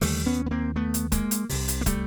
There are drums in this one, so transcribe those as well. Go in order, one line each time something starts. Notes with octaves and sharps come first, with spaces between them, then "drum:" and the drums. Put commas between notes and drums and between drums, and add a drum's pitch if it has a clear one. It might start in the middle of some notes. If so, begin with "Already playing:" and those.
D#2 D3 G3 A3, drum: open hi-hat
B3 C#4
B3
A#3 C4
A3 B3
drum: hi-hat
G#3 A#3, drum: kick, hi-hat
drum: hi-hat
C2 C3, drum: open hi-hat
drum: hi-hat
A#3
G3 A3, drum: kick, hi-hat